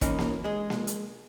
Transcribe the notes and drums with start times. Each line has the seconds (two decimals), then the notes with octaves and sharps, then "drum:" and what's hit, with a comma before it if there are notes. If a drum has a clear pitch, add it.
0.01 E3 A#3 C#4 D#4, drum: kick, hi-hat
0.19 drum: snare A#3
0.44 G#3 G#4
0.70 drum: snare A#3
0.87 drum: hi-hat